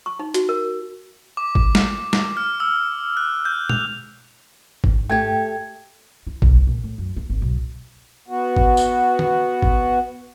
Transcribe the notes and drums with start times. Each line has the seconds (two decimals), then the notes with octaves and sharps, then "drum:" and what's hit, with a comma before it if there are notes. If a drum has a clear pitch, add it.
0.06 C#6
0.19 D#4
0.34 F#4, drum: hi-hat
0.49 A#4
1.37 D6
1.55 drum: kick G#1
1.75 drum: snare
2.13 drum: snare
2.37 F6
2.60 E6
3.17 F#6
3.45 G6
3.69 F7, drum: tom B2
4.84 G#2, drum: kick G#1
5.10 A3 G4 G5 G#6
6.27 E4
6.42 B1, drum: kick G#1
6.55 G#2
6.67 A#2
6.84 A2
6.98 F#2
7.16 A#3
7.29 G#1
7.42 B1
8.28 B3 F#4
8.57 drum: kick G#1
8.77 drum: tambourine
9.19 drum: tom D#3
9.62 drum: kick G#1